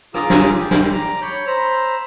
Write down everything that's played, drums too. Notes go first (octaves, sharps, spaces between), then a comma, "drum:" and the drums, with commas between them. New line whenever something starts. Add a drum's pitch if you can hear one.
F4 G#4 A#5 D6, drum: rim click
drum: snare
G4
drum: snare
A#5 D6
C#5 B5 G6
C5 A#5 B5 E6